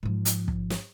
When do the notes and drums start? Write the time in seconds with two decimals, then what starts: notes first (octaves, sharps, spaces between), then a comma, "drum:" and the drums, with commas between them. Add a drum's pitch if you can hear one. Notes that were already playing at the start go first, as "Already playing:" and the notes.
0.03 G#2 F3
0.25 drum: hi-hat
0.48 drum: kick
0.70 drum: snare